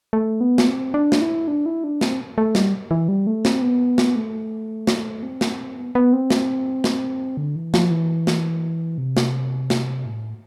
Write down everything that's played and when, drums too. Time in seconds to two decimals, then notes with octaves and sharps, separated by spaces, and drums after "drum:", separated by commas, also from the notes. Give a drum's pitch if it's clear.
0.13 A3
0.41 B3
0.58 drum: snare
0.67 C4
0.94 D4
1.12 drum: snare
1.21 E4
1.48 D4
1.66 E4
1.84 D4
2.01 C4, drum: snare
2.38 A3
2.55 G3, drum: snare
2.91 E3
3.09 G3
3.27 A3
3.45 C4, drum: snare
3.62 B3
3.98 drum: snare
4.16 A3
4.87 drum: snare
5.23 C4
5.41 drum: snare
5.77 B3
5.95 B3
6.13 C4
6.30 drum: snare
6.84 drum: snare
7.37 D3
7.56 E3
7.74 F3, drum: snare
7.91 E3
8.27 drum: snare
8.98 C3
9.17 drum: snare
9.70 drum: snare
10.06 A2